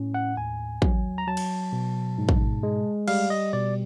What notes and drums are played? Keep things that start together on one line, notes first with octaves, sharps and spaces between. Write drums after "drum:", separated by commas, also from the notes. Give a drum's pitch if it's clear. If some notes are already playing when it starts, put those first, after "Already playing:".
Already playing: A2 C#4
F#5
D#2 G#5
F#3, drum: kick
A#5
F#3 A5
drum: cymbal
B2
G#2
drum: kick
G#3
G3 F5, drum: cymbal
D#5
B2 D5